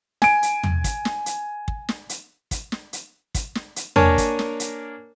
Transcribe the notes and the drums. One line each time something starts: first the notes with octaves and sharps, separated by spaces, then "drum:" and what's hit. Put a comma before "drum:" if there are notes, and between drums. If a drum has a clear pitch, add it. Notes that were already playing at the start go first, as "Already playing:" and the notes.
G#5 D7, drum: snare
drum: hi-hat
drum: tom
drum: kick, hi-hat
drum: snare
drum: hi-hat
drum: kick
drum: snare
drum: hi-hat
drum: kick, hi-hat
drum: snare
drum: hi-hat
drum: kick, hi-hat
drum: snare
drum: hi-hat
A#3 D4 A#4 C#5 G#5 A5, drum: tom
drum: kick, hi-hat
drum: snare
drum: hi-hat